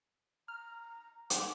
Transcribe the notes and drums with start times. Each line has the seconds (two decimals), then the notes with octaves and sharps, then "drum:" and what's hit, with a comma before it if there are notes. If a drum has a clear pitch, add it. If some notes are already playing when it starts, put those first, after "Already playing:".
0.48 A#5 F6
1.30 F#5 D6, drum: hi-hat